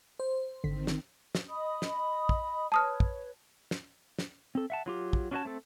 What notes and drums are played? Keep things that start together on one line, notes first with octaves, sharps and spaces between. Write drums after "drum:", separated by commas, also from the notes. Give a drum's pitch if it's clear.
C5
G#1 D3 D#3 C4 B6
drum: snare
drum: snare
D#5 B5 D#6
drum: snare
drum: kick
B4 C#5 A5 D#6 F6
drum: kick
drum: snare
drum: snare
C4 A4
E5 F#5 A5
F#3 F4 G4
drum: kick
C#4 D4 F4 F#4 C#5 A5
A3 C4 A4